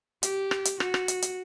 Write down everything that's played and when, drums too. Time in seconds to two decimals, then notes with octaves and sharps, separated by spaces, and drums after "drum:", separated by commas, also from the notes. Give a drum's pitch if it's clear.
0.23 G4, drum: hi-hat
0.51 drum: rim click
0.65 drum: hi-hat
0.80 F#4, drum: rim click
0.94 drum: rim click
1.08 drum: hi-hat
1.22 drum: hi-hat